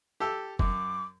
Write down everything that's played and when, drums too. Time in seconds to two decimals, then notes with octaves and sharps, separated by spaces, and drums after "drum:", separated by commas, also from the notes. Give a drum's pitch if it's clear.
0.20 G4 A4 E6
0.59 F#2 D6, drum: kick F#1